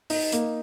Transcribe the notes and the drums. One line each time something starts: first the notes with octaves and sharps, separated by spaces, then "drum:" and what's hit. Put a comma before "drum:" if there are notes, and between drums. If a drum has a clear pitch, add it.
D#4, drum: open hi-hat
A#3, drum: hi-hat